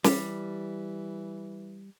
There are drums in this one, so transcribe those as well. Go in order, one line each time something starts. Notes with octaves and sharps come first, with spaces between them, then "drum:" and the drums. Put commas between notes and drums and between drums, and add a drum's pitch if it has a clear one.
E3 G3, drum: snare